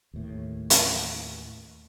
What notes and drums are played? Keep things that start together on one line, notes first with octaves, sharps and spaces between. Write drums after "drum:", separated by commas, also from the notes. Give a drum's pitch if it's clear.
D#2 A2
drum: hi-hat